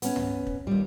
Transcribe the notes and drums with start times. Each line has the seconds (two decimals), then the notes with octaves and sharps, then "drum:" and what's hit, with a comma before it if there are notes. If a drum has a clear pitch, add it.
0.02 B3 C#4, drum: hi-hat
0.16 drum: tom
0.47 drum: kick
0.67 D#2 G3